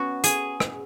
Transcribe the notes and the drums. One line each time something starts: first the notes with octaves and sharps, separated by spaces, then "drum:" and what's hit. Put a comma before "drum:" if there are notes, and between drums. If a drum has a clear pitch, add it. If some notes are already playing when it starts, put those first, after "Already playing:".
Already playing: B3 C#4 F#4
G#4, drum: hi-hat
drum: rim click